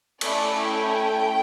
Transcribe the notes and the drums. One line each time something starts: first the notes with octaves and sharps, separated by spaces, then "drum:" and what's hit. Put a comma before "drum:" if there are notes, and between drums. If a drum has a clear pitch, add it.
A3 C#4 E4 D5, drum: cymbal
G5